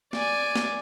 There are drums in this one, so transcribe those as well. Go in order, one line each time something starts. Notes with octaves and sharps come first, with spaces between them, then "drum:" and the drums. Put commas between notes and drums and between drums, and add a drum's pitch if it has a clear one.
D5 G#5, drum: snare
drum: snare